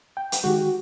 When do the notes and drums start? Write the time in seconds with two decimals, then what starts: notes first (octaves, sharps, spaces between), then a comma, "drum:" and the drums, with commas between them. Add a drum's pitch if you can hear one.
0.17 G5
0.32 drum: hi-hat
0.44 D#3 G#3 F#4 G4